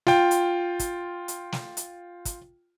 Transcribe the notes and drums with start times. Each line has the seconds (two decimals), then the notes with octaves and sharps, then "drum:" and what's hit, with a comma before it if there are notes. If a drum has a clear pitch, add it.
0.07 F4 G5, drum: snare
0.31 drum: hi-hat
0.79 drum: kick, hi-hat
1.28 drum: hi-hat
1.52 drum: snare
1.77 drum: hi-hat
2.25 drum: kick, hi-hat